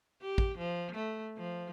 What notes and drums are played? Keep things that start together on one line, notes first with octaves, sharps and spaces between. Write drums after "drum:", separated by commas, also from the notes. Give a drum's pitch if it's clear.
G4
drum: kick
F3
A3
F3